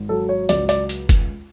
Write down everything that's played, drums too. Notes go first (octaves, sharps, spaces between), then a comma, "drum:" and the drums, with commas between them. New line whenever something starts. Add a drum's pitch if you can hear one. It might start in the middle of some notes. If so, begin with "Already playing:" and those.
Already playing: G#1
F#3 A4
C#5
C#2 D5, drum: hi-hat
D5, drum: hi-hat
drum: hi-hat
drum: kick F#1, hi-hat